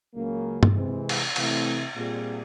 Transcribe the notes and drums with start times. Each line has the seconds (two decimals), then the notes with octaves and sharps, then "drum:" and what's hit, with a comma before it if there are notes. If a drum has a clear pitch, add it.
0.15 C#2 C#3 F#3 A#3
0.63 drum: tom G2
0.75 C3 E3 G#3 C4
1.09 drum: cymbal
1.36 C3 E3 A3 C4 E4, drum: cymbal
1.96 A#2 G3 C4 F4 G#4